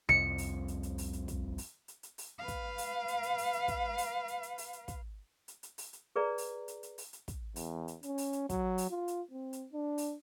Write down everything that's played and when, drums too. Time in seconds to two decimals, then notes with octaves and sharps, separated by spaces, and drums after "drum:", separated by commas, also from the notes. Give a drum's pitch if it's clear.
0.09 C2 F2 F3 C#7
0.38 drum: open hi-hat
0.68 drum: hi-hat
0.83 drum: hi-hat
0.98 drum: open hi-hat
1.13 drum: hi-hat
1.28 drum: kick, hi-hat
1.58 drum: open hi-hat
1.88 drum: hi-hat
2.03 drum: hi-hat
2.18 drum: open hi-hat
2.39 B4 F5
2.48 drum: kick, hi-hat
2.78 drum: open hi-hat
3.08 drum: hi-hat
3.23 drum: hi-hat
3.38 drum: open hi-hat
3.53 drum: hi-hat
3.68 drum: kick, hi-hat
3.98 drum: open hi-hat
4.28 drum: hi-hat
4.43 drum: hi-hat
4.58 drum: open hi-hat
4.73 drum: hi-hat
4.88 drum: kick, hi-hat
5.48 drum: hi-hat
5.63 drum: hi-hat
5.78 drum: open hi-hat
5.93 drum: hi-hat
6.16 G#4 B4 D5 A#5
6.38 drum: open hi-hat
6.68 drum: hi-hat
6.83 drum: hi-hat
6.98 drum: open hi-hat
7.13 drum: hi-hat
7.28 drum: kick, hi-hat
7.56 E2, drum: open hi-hat
7.88 drum: hi-hat
8.03 C#4, drum: hi-hat
8.18 drum: open hi-hat
8.33 drum: hi-hat
8.50 F#3, drum: kick, hi-hat
8.78 drum: open hi-hat
8.90 F4
9.08 drum: hi-hat
9.31 C4
9.53 drum: hi-hat
9.73 D4
9.98 drum: open hi-hat